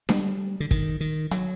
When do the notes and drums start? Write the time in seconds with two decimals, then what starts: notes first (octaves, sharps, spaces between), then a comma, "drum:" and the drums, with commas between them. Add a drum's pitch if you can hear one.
0.09 G3, drum: snare D4
0.60 D3
0.71 D#3, drum: kick
1.00 D#3
1.31 F#3, drum: hi-hat